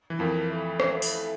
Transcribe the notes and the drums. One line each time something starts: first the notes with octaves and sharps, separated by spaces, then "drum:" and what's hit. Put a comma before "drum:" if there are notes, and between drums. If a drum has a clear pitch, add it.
E3
F2 F3 A#3
A3
drum: rim click
drum: open hi-hat